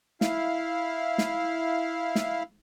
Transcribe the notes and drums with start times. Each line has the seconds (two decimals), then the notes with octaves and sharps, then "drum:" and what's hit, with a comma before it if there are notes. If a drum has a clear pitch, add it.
0.21 E4 F5, drum: snare
1.18 drum: snare
2.15 drum: snare